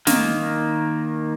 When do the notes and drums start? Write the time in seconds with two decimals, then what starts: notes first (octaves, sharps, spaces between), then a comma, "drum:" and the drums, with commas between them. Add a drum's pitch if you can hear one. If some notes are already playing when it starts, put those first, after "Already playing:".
0.07 D#3 A#3, drum: snare